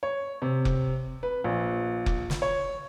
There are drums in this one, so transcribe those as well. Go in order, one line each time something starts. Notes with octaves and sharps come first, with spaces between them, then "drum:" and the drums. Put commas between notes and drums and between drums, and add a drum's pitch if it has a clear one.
C#5
C3
drum: kick F1
B4
A#1
drum: kick F1
drum: snare
C#5